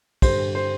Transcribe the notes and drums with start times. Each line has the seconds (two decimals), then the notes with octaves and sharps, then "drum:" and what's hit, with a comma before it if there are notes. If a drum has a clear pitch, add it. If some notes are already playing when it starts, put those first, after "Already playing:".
0.22 G2 D3 G3 C5, drum: kick, cymbal
0.55 C5